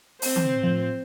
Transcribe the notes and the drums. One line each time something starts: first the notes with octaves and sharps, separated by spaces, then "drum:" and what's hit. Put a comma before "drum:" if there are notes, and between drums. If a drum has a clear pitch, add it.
C4 C5, drum: open hi-hat
drum: tom D#3
A2 F3